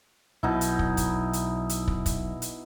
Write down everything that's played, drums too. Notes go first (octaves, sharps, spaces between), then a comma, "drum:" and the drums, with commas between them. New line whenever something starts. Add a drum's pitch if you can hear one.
B1 B2 D#4 E4
drum: hi-hat
drum: kick
drum: kick, hi-hat
drum: hi-hat
drum: hi-hat
drum: kick
drum: kick, hi-hat
drum: hi-hat